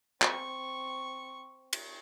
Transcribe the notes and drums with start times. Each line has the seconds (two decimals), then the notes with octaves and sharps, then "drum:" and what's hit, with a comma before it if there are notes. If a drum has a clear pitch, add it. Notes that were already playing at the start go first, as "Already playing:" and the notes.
0.22 C4 C#6, drum: clap
1.73 drum: cymbal